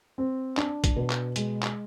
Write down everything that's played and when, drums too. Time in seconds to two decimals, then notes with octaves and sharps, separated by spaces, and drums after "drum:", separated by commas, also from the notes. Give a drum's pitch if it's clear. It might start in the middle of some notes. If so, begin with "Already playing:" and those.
0.18 C4
0.57 D4, drum: clap
0.84 drum: kick, hi-hat
0.96 B2
1.10 drum: clap
1.36 G#3, drum: hi-hat
1.63 drum: clap